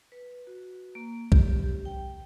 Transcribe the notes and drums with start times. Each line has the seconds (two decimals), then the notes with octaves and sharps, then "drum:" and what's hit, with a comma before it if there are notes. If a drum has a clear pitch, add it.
0.12 B4
0.47 F#4
0.95 A#3
1.32 G4, drum: kick B1
1.64 G4
1.85 G5